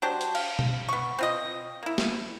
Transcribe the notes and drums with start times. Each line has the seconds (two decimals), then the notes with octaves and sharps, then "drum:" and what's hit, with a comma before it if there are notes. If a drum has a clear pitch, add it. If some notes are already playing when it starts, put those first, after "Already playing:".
0.02 F#3 D4 G4 C5
0.21 drum: hi-hat
0.35 F5, drum: cymbal
0.59 drum: tom B2
0.89 B3 C#6
1.19 C4 F4 D#5
1.83 A#3 E4
1.98 drum: snare